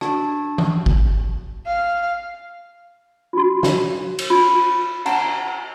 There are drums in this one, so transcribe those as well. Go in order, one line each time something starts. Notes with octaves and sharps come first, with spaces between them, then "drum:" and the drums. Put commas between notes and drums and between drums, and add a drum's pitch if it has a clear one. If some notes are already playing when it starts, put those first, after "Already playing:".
D4 F#4 A5, drum: rim click
drum: tom E3
drum: kick G#1
F5
F4 F#4
drum: snare
drum: cymbal
F4
F#5 A5 A#5, drum: cymbal